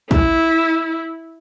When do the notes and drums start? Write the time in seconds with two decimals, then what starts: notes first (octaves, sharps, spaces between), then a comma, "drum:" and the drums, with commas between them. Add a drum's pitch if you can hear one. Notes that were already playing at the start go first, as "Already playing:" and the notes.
0.11 E4, drum: kick